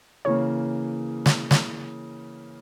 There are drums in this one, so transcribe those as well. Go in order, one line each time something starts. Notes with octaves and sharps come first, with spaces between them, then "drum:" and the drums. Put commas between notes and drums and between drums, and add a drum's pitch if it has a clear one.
C#3 E3 A#3 C#5
drum: snare
drum: snare